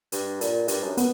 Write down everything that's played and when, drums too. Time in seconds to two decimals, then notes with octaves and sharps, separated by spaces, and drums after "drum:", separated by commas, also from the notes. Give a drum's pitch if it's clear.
0.12 G2, drum: hi-hat
0.41 A#2, drum: hi-hat
0.68 G2, drum: hi-hat
0.83 F#2
0.97 B3, drum: hi-hat